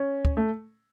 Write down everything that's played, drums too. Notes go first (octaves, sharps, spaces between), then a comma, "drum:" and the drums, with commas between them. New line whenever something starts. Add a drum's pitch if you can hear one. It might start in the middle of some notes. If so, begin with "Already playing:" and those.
Already playing: C#4
drum: kick
A3